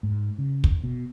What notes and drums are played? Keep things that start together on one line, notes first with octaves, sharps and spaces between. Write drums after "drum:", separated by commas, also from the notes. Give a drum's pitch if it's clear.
G#2
C#3
drum: kick
B2